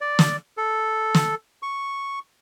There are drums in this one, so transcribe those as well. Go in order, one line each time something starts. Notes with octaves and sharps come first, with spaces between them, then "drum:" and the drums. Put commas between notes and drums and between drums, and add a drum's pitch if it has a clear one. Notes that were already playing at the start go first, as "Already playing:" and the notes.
D5
drum: snare
A4
drum: snare
C#6